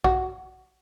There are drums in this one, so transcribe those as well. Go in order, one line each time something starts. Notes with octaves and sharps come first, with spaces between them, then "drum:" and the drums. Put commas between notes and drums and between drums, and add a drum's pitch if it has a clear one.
F#4, drum: kick